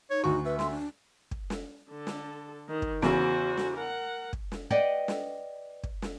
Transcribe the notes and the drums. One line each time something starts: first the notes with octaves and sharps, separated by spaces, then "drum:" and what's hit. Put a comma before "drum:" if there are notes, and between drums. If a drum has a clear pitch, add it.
D#4 C#5
D2 F#4 C#6
B4 E5
C6, drum: snare
D4
drum: kick
drum: snare
D3 A4
drum: snare
D#3
drum: kick
E2 C#3 F#4 C5, drum: snare
drum: snare
A#4 F#5
drum: kick
drum: snare
B4 D5 D#5 F#5 G5
drum: snare
drum: kick
drum: snare